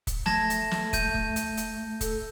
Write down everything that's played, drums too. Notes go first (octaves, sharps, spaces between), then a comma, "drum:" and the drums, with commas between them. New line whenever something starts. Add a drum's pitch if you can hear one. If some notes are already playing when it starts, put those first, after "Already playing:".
drum: kick, hi-hat
A3 A5 G#6 A#6, drum: snare
drum: hi-hat
drum: snare
G6 D#7, drum: kick, hi-hat
drum: kick
drum: hi-hat
drum: hi-hat
A4, drum: kick, hi-hat